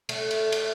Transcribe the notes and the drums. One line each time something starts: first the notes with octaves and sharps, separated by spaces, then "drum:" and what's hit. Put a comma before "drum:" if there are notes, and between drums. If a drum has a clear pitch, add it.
A3, drum: cymbal
drum: cymbal
drum: cymbal